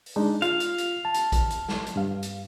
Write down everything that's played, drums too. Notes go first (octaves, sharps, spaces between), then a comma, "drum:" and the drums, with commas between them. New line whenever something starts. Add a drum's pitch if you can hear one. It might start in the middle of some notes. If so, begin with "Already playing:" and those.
drum: open hi-hat
G#3 D4 D#4
F4 F5, drum: hi-hat
drum: hi-hat
drum: hi-hat
A5
drum: hi-hat
drum: kick, hi-hat
drum: hi-hat
drum: snare
drum: hi-hat
G2 F5
drum: hi-hat